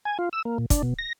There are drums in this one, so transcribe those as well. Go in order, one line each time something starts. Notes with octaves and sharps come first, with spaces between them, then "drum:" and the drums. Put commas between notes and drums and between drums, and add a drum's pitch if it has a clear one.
G#5
F4
E6
A#3
A#2
D4, drum: kick, hi-hat
B2
A#6